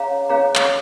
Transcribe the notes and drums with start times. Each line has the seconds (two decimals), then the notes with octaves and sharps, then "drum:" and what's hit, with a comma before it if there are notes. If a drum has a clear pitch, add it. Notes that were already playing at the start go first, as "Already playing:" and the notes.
Already playing: C#4 G#4 C#5 F5 A#5
0.29 C#4 G#4 C#5 F5 A#5
0.55 drum: clap